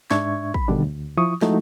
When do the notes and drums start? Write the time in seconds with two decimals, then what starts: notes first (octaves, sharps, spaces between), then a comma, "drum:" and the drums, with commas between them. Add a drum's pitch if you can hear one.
0.11 G#2 D4 E5 C#6 G#6, drum: snare
0.54 B5, drum: kick
0.68 B2 D3 D#3 G3 D4
0.84 D2
1.17 F3 E4 C#6 D#6
1.41 F3 G#3 A3 D#4 E4 F#4, drum: snare